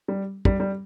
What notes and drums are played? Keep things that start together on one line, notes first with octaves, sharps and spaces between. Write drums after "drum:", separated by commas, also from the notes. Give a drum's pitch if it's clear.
G3
G3, drum: kick
G3